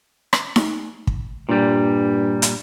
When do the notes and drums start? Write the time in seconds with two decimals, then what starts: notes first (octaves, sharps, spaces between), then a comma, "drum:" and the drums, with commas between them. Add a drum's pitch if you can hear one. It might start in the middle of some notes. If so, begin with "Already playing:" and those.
0.33 drum: rim click
0.56 drum: snare D#4
1.07 drum: kick
1.49 G2 A#2 G3
2.42 drum: hi-hat